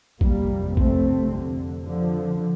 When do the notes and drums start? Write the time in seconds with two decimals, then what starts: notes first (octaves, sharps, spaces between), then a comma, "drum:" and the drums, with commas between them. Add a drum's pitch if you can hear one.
0.21 F2 C3 G3 A#3, drum: kick A1
0.77 A3 C4, drum: kick A1
1.32 D3
1.87 D3 F3